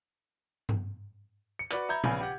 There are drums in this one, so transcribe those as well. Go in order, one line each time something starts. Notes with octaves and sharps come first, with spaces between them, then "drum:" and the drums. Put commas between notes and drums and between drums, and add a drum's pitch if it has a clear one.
drum: tom G2
C#7
F#4 B4 D5, drum: clap
E5 A#5 B5 G6 G#6
A#1 C#3 B4 F5 G#5, drum: tom A#2
G4 F#5